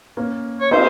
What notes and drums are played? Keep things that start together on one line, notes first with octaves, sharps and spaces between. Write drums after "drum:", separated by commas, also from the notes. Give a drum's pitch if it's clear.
A#3 C#4
C#5
C4 D#4 C5, drum: cymbal